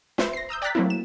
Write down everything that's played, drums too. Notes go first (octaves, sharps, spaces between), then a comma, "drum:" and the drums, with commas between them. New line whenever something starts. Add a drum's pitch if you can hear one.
B4 C5 E5 C6, drum: snare
A#6 C7
A#5 D#6 E6 G6
D5 G5 A#5 F#6 A6 B6
F#3 A3 A#3 C4 E4
E7